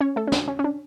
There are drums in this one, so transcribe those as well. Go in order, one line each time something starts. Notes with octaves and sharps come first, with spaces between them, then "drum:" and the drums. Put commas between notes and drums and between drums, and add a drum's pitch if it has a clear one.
C#4 C#5
A3 A4
C#4
D4, drum: snare
C#4
C#4
D4